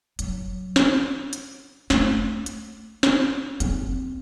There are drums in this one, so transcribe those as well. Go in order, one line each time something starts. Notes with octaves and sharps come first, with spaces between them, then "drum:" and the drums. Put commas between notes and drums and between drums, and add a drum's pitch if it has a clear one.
F#3, drum: hi-hat
drum: snare
drum: hi-hat
A3, drum: snare
drum: hi-hat
drum: snare
C4, drum: hi-hat